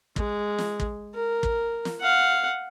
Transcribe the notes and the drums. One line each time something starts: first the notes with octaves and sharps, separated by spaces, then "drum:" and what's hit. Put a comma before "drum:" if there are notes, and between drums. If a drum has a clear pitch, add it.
G#3, drum: kick
drum: snare
drum: kick
A#4
drum: kick
drum: snare
F5 F#5